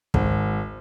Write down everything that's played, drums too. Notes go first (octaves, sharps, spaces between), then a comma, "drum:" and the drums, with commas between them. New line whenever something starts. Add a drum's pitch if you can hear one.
G#1, drum: kick